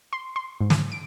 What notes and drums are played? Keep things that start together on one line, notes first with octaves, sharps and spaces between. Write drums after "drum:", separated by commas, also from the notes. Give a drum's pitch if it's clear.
C6
C6
G#2
drum: snare
D7